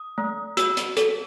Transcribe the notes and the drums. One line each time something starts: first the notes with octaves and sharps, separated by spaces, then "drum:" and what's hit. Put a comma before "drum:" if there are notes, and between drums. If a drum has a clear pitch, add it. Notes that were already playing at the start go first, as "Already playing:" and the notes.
Already playing: D#6
A3
F#4 E6, drum: hi-hat
drum: hi-hat
A4, drum: hi-hat